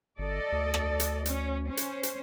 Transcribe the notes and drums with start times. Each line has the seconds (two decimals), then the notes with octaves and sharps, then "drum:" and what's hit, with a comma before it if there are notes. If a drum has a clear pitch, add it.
0.19 G1 A4 D5 D#5
0.52 D2
0.74 drum: rim click
1.00 drum: hi-hat
1.26 C#4, drum: hi-hat
1.67 C#4 C5
1.77 drum: hi-hat
2.03 drum: hi-hat